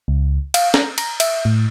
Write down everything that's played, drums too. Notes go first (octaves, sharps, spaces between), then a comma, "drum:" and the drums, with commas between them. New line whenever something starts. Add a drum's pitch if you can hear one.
C#2
F5, drum: cymbal
A#5, drum: snare
A#5, drum: cymbal
E5, drum: cymbal
A2